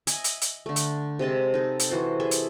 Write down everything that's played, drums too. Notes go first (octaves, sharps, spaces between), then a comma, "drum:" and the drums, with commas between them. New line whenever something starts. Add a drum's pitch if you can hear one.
D#5 E5 G#5, drum: hi-hat
drum: hi-hat
drum: hi-hat
D3 A3
drum: hi-hat
C3 G#3 D#5 A5
D#4 A4
drum: hi-hat
E3 F#4 A4 C5
G#4 A4 E5
drum: hi-hat